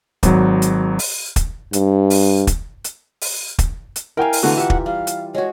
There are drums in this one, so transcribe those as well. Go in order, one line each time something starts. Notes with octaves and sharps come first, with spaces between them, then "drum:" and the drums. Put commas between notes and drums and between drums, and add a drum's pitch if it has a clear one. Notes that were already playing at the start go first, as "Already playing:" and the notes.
G#1 F#3, drum: kick, hi-hat
drum: hi-hat
drum: open hi-hat
drum: kick, hi-hat
G2, drum: hi-hat
drum: open hi-hat
drum: kick, hi-hat
drum: hi-hat
drum: open hi-hat
drum: kick, hi-hat
drum: hi-hat
E4 A#4 F5 G5 G#5
drum: open hi-hat
D3 E3 A3 F#4 F5 A#5
F4 G4 E5 F#5
drum: kick
G3 F5
drum: hi-hat
G#3 F#4 C#5